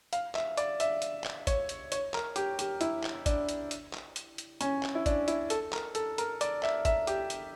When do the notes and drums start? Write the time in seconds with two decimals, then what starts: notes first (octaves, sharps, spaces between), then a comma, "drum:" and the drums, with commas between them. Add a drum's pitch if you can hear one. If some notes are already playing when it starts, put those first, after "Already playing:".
0.13 F5, drum: hi-hat
0.35 E5, drum: clap
0.57 D5, drum: hi-hat
0.80 E5, drum: hi-hat
1.02 drum: hi-hat
1.24 drum: clap
1.47 C#5, drum: kick, hi-hat
1.69 drum: hi-hat
1.92 C#5, drum: hi-hat
2.14 A#4, drum: clap
2.36 G4, drum: hi-hat
2.59 G4, drum: hi-hat
2.81 E4, drum: hi-hat
3.04 drum: clap
3.26 D4, drum: kick, hi-hat
3.49 drum: hi-hat
3.71 drum: hi-hat
3.93 drum: clap
4.16 drum: hi-hat
4.38 drum: hi-hat
4.61 C#4, drum: hi-hat
4.83 drum: clap
4.95 E4
5.06 D4, drum: kick, hi-hat
5.28 E4, drum: hi-hat
5.50 A4, drum: hi-hat
5.73 A#4, drum: clap
5.95 A4, drum: hi-hat
6.18 A#4, drum: hi-hat
6.41 D5, drum: hi-hat
6.63 E5, drum: clap
6.85 E5, drum: kick, hi-hat
7.07 G4, drum: hi-hat
7.30 drum: hi-hat